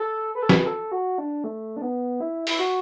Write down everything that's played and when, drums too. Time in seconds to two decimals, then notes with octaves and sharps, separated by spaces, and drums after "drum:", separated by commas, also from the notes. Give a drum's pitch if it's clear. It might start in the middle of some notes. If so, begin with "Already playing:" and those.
Already playing: A4
0.35 B4
0.42 A4
0.49 B4, drum: snare
0.66 A4
0.92 F#4
1.18 D4
1.44 A3
1.77 D4
1.82 B3
2.20 E4
2.47 E4, drum: open hi-hat
2.59 F#4